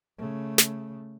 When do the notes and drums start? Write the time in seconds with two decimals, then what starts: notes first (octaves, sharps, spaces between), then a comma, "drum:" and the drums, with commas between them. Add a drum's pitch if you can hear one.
0.18 C#3 A3
0.58 drum: snare